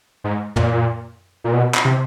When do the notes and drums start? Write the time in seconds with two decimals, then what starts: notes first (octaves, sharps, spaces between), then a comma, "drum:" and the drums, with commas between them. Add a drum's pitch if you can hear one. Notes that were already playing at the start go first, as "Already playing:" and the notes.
0.24 G#2
0.56 A#2, drum: tom
1.44 A#2
1.53 B2
1.74 drum: clap
1.85 C3